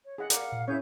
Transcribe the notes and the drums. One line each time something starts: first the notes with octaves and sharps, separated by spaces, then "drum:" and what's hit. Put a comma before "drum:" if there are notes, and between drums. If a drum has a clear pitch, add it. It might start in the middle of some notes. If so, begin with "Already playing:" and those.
C#5
G#4 D#5 F#5
A#4 D5 F5 F#5, drum: hi-hat
A#2
C#4 E4 G#4 C#5 G6